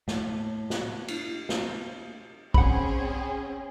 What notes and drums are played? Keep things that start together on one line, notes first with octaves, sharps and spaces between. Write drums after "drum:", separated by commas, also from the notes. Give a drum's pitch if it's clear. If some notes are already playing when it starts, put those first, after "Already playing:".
A2, drum: snare
drum: snare
drum: cymbal
drum: snare
C4 C#4 G#4 F#5 B5, drum: kick